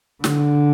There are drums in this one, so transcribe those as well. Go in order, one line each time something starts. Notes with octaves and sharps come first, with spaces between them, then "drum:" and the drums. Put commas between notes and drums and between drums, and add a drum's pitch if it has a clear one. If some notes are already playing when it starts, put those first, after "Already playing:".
D3, drum: snare